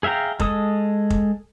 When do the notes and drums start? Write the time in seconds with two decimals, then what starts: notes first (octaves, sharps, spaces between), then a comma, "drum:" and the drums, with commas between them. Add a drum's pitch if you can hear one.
0.03 G#4 E5 F5 G5 A#5
0.40 G#3 A4 D#6, drum: kick
1.10 drum: kick